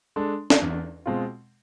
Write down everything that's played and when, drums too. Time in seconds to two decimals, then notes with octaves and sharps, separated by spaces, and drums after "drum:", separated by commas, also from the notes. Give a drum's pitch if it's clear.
0.16 G#3 D4 A4
0.50 drum: snare
0.62 E2
1.06 B2 G#3 C4 F4